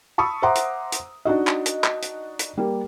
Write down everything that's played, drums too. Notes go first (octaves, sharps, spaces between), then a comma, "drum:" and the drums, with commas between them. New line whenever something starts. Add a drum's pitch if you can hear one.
A5 B5 C#6 D#6 E6
C5 E5 F#5 A#5 C6 D6
drum: hi-hat
drum: hi-hat
D4 D#4 F#4 D#5
drum: clap
drum: hi-hat
drum: clap
drum: hi-hat
drum: hi-hat
G3 A#3